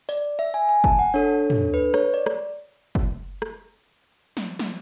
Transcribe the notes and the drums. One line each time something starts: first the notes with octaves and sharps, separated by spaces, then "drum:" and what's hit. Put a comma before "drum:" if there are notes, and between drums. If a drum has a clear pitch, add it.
D5, drum: tambourine
E5
G#5
G#5
A5, drum: kick
F#5
D4 A4 C#5
drum: tom
B4
C#5, drum: rim click
D5
drum: rim click
drum: kick
drum: rim click
drum: snare
drum: snare